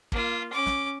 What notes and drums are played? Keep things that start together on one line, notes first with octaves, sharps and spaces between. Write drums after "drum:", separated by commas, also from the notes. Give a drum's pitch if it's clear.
A#3 F4, drum: kick
C#4 D6
drum: snare